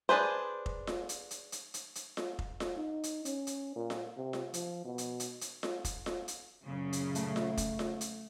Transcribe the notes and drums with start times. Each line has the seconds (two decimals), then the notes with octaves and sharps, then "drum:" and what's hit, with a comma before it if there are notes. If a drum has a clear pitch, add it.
0.09 D4 G#4 B4 C5
0.66 drum: kick F1
0.87 drum: snare F4
1.09 drum: hi-hat
1.31 drum: hi-hat
1.52 drum: hi-hat
1.74 drum: hi-hat
1.95 drum: hi-hat
2.17 drum: snare F4
2.39 drum: kick F1
2.60 drum: snare F4
2.76 D#4
3.04 drum: hi-hat
3.25 C#4, drum: hi-hat
3.47 drum: hi-hat
3.76 A#2
3.90 drum: snare F4
4.17 C3
4.33 drum: snare F4
4.54 F3, drum: hi-hat
4.85 B2
4.98 drum: hi-hat
5.20 drum: hi-hat
5.41 drum: hi-hat
5.63 drum: snare F4
5.85 drum: kick F1, hi-hat
6.06 drum: snare F4
6.28 drum: hi-hat
6.64 F#2 A#2 C#3
6.93 drum: hi-hat
7.15 A3, drum: hi-hat
7.36 drum: snare F4
7.57 drum: kick F1, hi-hat
7.79 drum: snare F4
8.01 drum: hi-hat